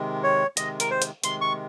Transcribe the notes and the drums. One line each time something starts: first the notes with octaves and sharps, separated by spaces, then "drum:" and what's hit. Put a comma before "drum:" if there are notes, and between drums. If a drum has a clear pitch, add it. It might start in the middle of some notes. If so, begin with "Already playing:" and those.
Already playing: C3 D#3 G#3
C#5
C3 D#3 G#3 D#5, drum: hi-hat
A#4, drum: hi-hat
C5
drum: hi-hat
C3 D#3 G#3 C6, drum: hi-hat
C#6